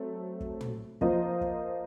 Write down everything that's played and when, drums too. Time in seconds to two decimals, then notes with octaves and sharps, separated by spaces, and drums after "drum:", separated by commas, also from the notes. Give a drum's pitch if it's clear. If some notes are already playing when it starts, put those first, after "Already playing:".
Already playing: F#3 A3 C4
0.40 drum: kick
0.61 drum: tom
1.01 F3 A#3 F4 C5 D#5, drum: kick
1.41 drum: kick